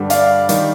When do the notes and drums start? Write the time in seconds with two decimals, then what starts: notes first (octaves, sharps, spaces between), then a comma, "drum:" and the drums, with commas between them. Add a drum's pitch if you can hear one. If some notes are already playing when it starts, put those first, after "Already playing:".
Already playing: G2 D3 G3
0.10 D5 F5, drum: hi-hat
0.49 D#3 G3, drum: hi-hat